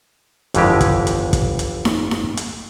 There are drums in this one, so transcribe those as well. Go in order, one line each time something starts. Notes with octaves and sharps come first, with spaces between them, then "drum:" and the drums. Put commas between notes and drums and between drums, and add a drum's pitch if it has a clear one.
G1 F2 B2 E3 G#3 G4, drum: hi-hat
drum: kick, hi-hat
drum: hi-hat
drum: kick, hi-hat
drum: hi-hat
drum: snare D#4
drum: snare D#4
drum: hi-hat